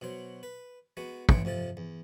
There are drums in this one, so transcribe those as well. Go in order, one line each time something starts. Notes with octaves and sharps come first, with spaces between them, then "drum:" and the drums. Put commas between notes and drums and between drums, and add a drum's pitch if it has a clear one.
B2 F#3 C5
B4
G#3 B3 F#4
A1 E3 C#5 G5 C6 C#6, drum: kick
F2 C3 F3 A5
E2